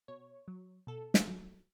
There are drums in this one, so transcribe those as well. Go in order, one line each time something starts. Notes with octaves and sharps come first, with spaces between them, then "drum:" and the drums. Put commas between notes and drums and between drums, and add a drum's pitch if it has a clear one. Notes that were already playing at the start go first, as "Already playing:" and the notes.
B2 C#5
F#3
B2 A4
drum: snare
F#3